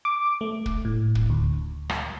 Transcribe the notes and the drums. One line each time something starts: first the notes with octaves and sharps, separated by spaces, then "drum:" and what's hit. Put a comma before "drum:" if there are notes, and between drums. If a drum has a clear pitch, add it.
D6
A3
drum: kick
A2
drum: kick
D2
drum: rim click